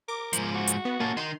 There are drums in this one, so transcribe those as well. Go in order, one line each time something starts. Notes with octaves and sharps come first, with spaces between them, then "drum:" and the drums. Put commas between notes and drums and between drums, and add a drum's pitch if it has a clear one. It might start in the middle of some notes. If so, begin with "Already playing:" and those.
A#4 D6
G#2 F3, drum: hi-hat
F#4
drum: hi-hat
B3
A#3 C#4 A4
D#3 D#4 C6